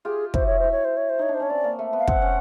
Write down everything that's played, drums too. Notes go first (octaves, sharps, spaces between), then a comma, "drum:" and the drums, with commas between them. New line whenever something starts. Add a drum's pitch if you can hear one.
F4 G4 G#4
E4 F#4 C5, drum: kick
C#5
E4 C5
C#5
C5
C#5
C5
D#4 C#5
D4
C5
C#4 C#5
C4 D5
A#3
A3
B3
F5
C4 F#5, drum: kick
C#4